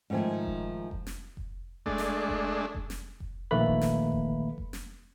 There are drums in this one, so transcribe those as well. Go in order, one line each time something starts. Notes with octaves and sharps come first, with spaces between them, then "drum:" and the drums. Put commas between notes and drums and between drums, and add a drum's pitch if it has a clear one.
G#2 D#3 F3 A3 G#5
drum: kick F1
drum: kick F1
drum: snare
drum: kick F1
G#3 A3 D4, drum: kick F1
drum: snare
drum: kick F1
drum: kick F1
drum: snare
drum: kick F1
A#1 D#3 A3 A#3 B4 B5
drum: kick F1
drum: snare
drum: kick F1
drum: kick F1
drum: snare